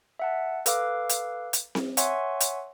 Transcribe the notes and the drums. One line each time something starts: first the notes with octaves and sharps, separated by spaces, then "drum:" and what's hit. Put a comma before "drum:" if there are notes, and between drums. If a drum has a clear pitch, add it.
E5 F#5 A5
A4 B4 F5 D6, drum: hi-hat
drum: hi-hat
drum: hi-hat
drum: snare C4
C#5 E5 F#5 G#5 C6 C#6, drum: hi-hat
drum: hi-hat